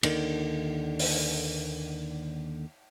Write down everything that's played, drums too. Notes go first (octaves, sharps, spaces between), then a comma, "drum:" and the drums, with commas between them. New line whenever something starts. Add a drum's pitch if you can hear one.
D#2 D3 D#3, drum: cymbal
drum: open hi-hat